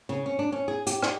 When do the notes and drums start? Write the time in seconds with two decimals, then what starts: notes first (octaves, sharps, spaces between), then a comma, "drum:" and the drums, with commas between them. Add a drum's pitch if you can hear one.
0.09 C#3
0.26 C#4
0.39 D4
0.52 C#4
0.68 G#4
0.87 G4, drum: hi-hat
1.03 G4, drum: rim click